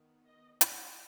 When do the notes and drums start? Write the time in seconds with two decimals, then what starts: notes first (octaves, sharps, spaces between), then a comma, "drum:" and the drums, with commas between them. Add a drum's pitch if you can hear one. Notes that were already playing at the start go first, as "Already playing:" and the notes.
Already playing: D#3 B3
0.26 D#5
0.61 D#5, drum: hi-hat